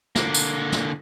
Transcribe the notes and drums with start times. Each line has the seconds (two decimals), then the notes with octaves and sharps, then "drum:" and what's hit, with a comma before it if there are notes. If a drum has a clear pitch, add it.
0.15 D3 A#3, drum: snare
0.34 drum: tambourine
0.72 drum: snare